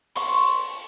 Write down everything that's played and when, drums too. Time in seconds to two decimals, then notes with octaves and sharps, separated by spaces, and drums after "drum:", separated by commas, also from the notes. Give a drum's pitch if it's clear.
0.16 C6 C#6, drum: open hi-hat